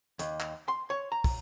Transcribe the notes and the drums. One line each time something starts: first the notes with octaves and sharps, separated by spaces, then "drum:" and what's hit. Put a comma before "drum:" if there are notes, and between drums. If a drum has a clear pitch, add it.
D#2, drum: hi-hat
drum: clap
C6
C#5
A#5
drum: kick, open hi-hat